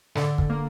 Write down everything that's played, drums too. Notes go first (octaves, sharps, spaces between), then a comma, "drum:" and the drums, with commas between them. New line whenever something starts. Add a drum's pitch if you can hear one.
D3 A4, drum: snare
drum: kick
A#3